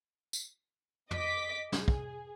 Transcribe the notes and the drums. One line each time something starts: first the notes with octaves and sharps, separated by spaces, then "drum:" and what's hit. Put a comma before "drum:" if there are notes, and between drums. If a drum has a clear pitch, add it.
drum: tambourine
D#5 D6 B6, drum: tom
G#4, drum: snare
drum: kick